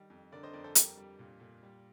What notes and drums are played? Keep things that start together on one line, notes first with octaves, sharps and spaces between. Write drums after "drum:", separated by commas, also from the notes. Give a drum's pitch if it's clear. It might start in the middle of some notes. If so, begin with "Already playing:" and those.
Already playing: D#3 G3
F2
D3 A#4 D5
C5 D#5
F2 A#4 D5
A4 C5
G3 G4 A#4, drum: hi-hat
G3
A#2
A#2
G3